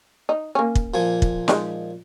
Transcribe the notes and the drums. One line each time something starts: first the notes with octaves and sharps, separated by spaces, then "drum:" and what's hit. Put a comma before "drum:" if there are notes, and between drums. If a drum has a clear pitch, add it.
D#4
A#3 C#4
drum: kick
A#2 F3 G#5
drum: kick
G#3 D4 D#4, drum: snare